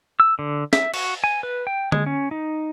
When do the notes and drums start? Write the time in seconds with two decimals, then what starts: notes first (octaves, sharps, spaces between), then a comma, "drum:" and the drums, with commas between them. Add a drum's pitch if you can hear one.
0.20 E6
0.39 D3
0.73 E5, drum: snare
0.94 F#4, drum: cymbal
1.24 G#5
1.43 B4
1.67 G5
1.92 G#3, drum: tom D3
2.06 C#4
2.31 D#4